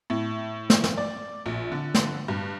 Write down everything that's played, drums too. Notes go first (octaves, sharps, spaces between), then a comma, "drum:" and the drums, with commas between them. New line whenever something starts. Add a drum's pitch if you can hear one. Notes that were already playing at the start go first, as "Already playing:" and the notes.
A2
drum: snare
drum: snare
D5
A#1
D3
drum: snare
G2